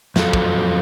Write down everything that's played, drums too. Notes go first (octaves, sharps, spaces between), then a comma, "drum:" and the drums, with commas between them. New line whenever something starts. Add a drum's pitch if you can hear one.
F2 F#3 F4 A4, drum: snare
drum: kick